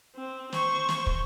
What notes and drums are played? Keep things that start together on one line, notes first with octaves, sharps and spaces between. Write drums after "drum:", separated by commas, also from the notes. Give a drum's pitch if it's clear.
C4
C5 C#6, drum: snare
drum: snare
drum: kick